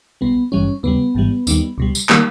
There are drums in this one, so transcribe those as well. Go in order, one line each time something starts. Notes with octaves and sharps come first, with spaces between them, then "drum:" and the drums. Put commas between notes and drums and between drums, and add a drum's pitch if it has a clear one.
B1 B2 G3 B3
G#1 G2 E3 G3 C#4
D#2 C#3 G3 B3
G#1 G#2 E3 G3
D#2 D#3 G3, drum: tambourine
C#2 B2 G3
drum: tambourine
D#3 G3 A#3, drum: clap